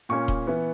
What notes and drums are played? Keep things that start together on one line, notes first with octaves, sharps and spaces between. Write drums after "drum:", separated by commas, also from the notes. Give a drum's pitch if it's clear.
A#2 A#3 C#4 C#6
drum: kick D#1
E3 B3